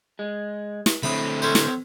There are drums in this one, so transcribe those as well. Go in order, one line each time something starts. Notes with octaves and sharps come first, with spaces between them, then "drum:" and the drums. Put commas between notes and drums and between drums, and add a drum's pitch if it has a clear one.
G#3
drum: snare
D3 A3 C4 E4 B5 D#6
C#4 A4 C5
drum: snare